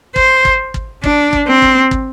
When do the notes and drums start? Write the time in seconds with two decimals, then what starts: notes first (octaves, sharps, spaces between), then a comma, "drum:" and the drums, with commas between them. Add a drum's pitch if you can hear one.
0.16 C5, drum: kick
0.45 drum: kick
0.74 drum: kick
1.04 D4, drum: kick
1.33 drum: kick
1.48 C4
1.62 drum: kick
1.91 drum: kick